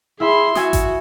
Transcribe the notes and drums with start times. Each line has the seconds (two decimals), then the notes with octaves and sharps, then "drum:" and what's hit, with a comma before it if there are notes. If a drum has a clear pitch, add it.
0.20 E4 G#4 E5 B5 C6
0.55 F#4 E5 G#5 D#6, drum: snare
0.73 drum: kick G#1, hi-hat